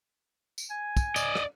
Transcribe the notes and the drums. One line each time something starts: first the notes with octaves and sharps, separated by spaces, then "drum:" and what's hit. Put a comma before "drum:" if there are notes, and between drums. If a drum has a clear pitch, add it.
drum: tambourine
G#5
drum: kick, tambourine
D5 D#5, drum: tambourine
drum: rim click